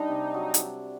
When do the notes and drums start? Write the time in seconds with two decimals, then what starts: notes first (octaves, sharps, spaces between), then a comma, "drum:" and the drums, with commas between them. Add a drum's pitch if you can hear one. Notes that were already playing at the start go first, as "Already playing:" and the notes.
Already playing: G3 D4 D#4
0.09 C3
0.34 F#3
0.54 drum: hi-hat